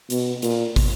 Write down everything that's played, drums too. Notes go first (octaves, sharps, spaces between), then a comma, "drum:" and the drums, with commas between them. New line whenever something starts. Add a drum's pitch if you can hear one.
B2, drum: hi-hat
A#2, drum: hi-hat
drum: kick, open hi-hat